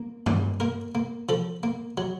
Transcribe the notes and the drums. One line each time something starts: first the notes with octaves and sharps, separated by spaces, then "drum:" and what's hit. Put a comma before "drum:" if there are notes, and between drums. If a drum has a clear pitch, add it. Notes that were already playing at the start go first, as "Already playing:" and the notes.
Already playing: A#3
A#2, drum: tom G2
A#3 A#4
A#3
F3 A4
A#3
F#3